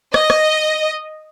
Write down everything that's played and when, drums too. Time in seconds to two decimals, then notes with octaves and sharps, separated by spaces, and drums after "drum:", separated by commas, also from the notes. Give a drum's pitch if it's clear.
0.14 D#5, drum: rim click
0.30 drum: rim click